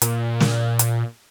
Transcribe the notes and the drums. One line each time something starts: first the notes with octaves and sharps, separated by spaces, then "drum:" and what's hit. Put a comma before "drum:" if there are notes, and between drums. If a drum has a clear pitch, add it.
A#2, drum: hi-hat
drum: snare
drum: hi-hat